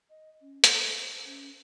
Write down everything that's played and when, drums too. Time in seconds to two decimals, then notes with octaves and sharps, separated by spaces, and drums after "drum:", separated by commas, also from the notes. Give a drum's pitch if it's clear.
0.10 D#5
0.41 C#4
0.64 A4, drum: hi-hat
1.01 C5
1.25 C#4